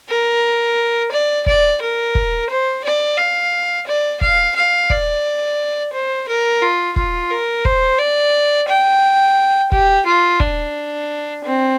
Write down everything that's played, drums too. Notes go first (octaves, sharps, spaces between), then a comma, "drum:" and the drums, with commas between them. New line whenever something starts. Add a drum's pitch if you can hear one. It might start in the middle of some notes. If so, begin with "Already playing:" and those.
A#4
D5
D5, drum: kick
A#4
drum: kick
C5
D5
F5
D5
F5, drum: kick
F5
D5, drum: kick
C5
A#4
F4
F4, drum: kick
A#4
C5, drum: kick
D5
G5
G4, drum: kick
F4
D4, drum: kick
C4